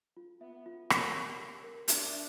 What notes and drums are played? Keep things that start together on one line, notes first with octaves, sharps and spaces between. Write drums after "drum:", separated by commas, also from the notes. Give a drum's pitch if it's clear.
F4
B3 E5
F4
C#4 A#4, drum: rim click
G4
G4
A#4
D4 E5, drum: hi-hat
E5